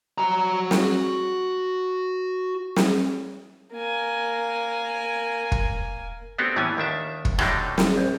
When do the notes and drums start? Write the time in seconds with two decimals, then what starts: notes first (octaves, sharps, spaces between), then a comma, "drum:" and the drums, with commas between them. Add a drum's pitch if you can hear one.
0.18 F#4 A#5
0.71 drum: snare
2.76 drum: snare
3.73 A#3 G#5
5.52 drum: kick
6.38 A3 B3 C4 D4 F#4 G4
6.56 A2 E3 G3 B3 C#4 G#5
6.77 D#2 D#3 D4 E5
7.25 drum: kick
7.39 A2 D3 F#3 G3 D4 D#4, drum: rim click
7.78 drum: snare
7.96 A#1